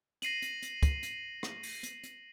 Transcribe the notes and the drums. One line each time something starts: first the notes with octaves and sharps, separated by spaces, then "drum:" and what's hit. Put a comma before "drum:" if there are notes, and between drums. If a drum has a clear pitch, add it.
A#6 C7 D#7 F#7, drum: hi-hat
drum: hi-hat
drum: hi-hat
drum: kick, hi-hat
drum: hi-hat
drum: rim click
drum: open hi-hat
drum: hi-hat
drum: hi-hat